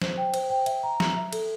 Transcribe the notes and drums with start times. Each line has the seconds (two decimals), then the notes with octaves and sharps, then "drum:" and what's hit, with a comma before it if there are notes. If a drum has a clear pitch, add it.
0.02 C5, drum: snare
0.18 G5
0.34 C5, drum: cymbal
0.50 G5
0.66 E5, drum: cymbal
0.83 A#5
1.00 E5, drum: snare
1.17 E5
1.33 A4, drum: cymbal